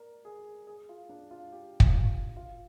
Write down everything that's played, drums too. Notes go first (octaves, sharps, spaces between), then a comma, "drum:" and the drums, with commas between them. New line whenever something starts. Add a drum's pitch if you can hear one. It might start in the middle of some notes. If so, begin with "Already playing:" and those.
Already playing: A#4 D5
G#4
G#4
F4
D4
F4
G4
drum: kick
F4
F4